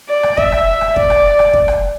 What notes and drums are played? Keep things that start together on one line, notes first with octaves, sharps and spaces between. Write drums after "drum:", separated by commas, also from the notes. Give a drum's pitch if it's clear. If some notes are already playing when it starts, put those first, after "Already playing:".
D5
drum: rim click
E5, drum: kick
drum: rim click
E5
drum: rim click
D5, drum: kick
drum: rim click
drum: rim click
drum: kick
drum: rim click